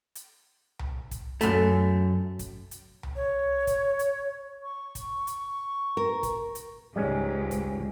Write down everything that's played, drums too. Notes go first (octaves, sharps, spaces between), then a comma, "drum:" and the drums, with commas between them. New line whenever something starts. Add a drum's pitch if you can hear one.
drum: hi-hat
drum: tom C2
drum: kick, hi-hat
F#2 A3, drum: hi-hat
drum: kick, hi-hat
drum: hi-hat
drum: tom C2
C#5
drum: kick, hi-hat
drum: hi-hat
C#6
drum: kick, hi-hat
drum: hi-hat
A#4
drum: kick, hi-hat
drum: hi-hat
C#2 G#2 G3 G#3 C#4
drum: kick, hi-hat